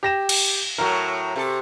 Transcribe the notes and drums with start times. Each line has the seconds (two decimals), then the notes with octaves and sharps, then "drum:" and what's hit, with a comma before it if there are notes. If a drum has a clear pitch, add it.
0.03 G4 A#6 E7
0.29 drum: cymbal
0.78 A2 F#3 A#4
1.36 C3 A4